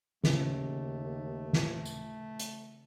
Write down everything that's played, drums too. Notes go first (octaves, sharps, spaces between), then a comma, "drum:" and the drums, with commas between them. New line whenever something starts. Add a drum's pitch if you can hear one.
D#2 C#3 A3, drum: snare
drum: snare
drum: tambourine
drum: hi-hat